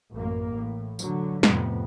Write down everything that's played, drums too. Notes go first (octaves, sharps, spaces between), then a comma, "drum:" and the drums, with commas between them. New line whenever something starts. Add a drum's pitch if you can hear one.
A1 F#2 A#3
A2
D3 F#3, drum: tambourine
F2 A2 C3 B3, drum: snare